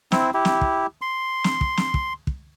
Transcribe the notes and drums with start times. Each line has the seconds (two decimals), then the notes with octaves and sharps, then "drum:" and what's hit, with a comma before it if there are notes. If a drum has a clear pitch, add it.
0.12 C4 E4, drum: snare
0.34 E4 G4
0.45 drum: snare
0.61 drum: kick
1.02 C6
1.44 drum: snare
1.61 drum: kick
1.77 drum: snare
1.94 drum: kick
2.27 drum: kick